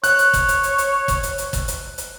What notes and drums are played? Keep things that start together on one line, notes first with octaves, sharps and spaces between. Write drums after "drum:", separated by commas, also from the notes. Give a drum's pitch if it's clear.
C#5 F#6, drum: hi-hat
drum: hi-hat
drum: kick, hi-hat
drum: hi-hat
drum: hi-hat
drum: hi-hat
drum: kick, hi-hat
drum: hi-hat
drum: hi-hat
drum: kick, hi-hat
drum: hi-hat
drum: hi-hat